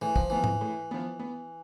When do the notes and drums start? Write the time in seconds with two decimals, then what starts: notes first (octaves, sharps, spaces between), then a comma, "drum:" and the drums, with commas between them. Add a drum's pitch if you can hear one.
0.02 A2 E3
0.16 F3, drum: kick
0.30 E3 F3 B3
0.44 drum: tom G#2
0.61 A2
0.91 F3 B3
1.19 B3